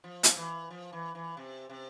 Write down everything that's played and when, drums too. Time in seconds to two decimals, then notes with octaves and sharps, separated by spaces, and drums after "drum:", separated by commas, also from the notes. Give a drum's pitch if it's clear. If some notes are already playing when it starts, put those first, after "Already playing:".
0.04 F3
0.23 drum: hi-hat
0.37 E3
0.70 F3
0.93 E3
1.15 E3
1.37 C3
1.70 C3